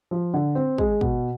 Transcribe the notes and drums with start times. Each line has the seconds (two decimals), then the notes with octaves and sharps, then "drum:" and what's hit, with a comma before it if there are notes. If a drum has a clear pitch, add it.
0.11 F3
0.34 D3
0.55 C4
0.78 G#3, drum: kick
1.01 B2, drum: kick